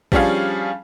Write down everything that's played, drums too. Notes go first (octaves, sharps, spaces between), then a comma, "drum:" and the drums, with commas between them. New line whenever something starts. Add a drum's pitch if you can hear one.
F3 G3 C#4 D4 G#4 F5, drum: kick A#1